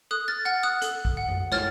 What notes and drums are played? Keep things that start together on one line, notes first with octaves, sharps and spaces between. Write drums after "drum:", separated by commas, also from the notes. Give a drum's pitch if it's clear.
A4 D#6 F#6
F6 A6
F#5 F6 A6
D#6 F#6
A4, drum: hi-hat
drum: kick A#1
F#5
drum: tom F#2
C#5 F6 A6, drum: snare